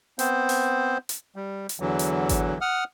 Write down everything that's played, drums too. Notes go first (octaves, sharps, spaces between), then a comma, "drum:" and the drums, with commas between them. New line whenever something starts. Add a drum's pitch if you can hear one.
B3 C4 C5, drum: hi-hat
drum: open hi-hat
drum: hi-hat
G3
drum: hi-hat
E2 D3 E3 F#3
drum: hi-hat
drum: kick G#1, hi-hat
F#5 D#6 F6